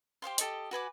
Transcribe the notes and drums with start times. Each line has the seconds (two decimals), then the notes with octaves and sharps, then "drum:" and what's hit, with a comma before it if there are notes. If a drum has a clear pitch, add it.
0.22 G4 C5 F5 C6
0.38 G4 A4 C#5 D#5, drum: hi-hat
0.71 F#4 B4 G#5 D6